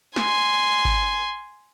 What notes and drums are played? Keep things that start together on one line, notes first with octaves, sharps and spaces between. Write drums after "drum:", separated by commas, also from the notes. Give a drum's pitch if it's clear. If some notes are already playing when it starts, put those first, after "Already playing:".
G#5 C6, drum: snare
drum: kick G#1